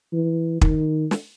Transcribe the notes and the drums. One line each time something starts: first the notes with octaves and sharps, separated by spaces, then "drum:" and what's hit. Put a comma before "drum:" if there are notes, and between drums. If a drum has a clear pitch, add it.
E3
D#3, drum: kick
drum: snare